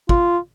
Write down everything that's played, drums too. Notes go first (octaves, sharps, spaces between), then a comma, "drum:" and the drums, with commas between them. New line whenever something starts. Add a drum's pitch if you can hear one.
F4, drum: kick